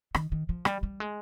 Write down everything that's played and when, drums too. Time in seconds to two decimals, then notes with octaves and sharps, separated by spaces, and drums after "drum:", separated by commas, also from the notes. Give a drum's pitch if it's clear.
0.15 D#3, drum: rim click
0.32 D#3
0.49 F3
0.65 G3, drum: rim click
0.83 G3
1.00 G#3